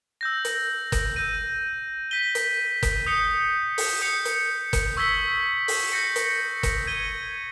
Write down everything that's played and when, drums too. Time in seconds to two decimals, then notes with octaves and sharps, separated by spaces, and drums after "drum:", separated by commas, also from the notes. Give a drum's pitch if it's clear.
0.21 E6 G6 A#6
0.45 drum: hi-hat
0.92 drum: kick F#1, hi-hat
1.16 E6 G6 A#6 D#7
2.11 G6 B6 D#7 G7
2.35 drum: hi-hat
2.83 drum: kick F#1, hi-hat
3.06 D#6 G6 C#7 G7
3.78 drum: open hi-hat
4.02 D#6 G6 C#7
4.25 drum: hi-hat
4.73 drum: kick F#1, hi-hat
4.97 C#6 E6 G#6 B6 G7
5.68 drum: open hi-hat
5.92 G6 A#6 C#7
6.16 drum: hi-hat
6.63 drum: kick F#1, hi-hat
6.87 G#6 D#7 G7